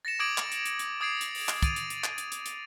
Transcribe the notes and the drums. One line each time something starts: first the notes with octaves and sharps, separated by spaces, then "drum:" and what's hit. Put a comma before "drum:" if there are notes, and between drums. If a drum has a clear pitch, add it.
A6 A#6 C#7 E7
D6 D#6 G#6 D7 E7 F#7
drum: clap
drum: hi-hat
drum: hi-hat
drum: hi-hat
D6 D#6 G#6 A6 C7 D7
drum: hi-hat
drum: open hi-hat
drum: clap
A6 D7 D#7 F7, drum: kick, hi-hat
drum: hi-hat
drum: hi-hat
drum: clap
drum: hi-hat
drum: hi-hat
drum: hi-hat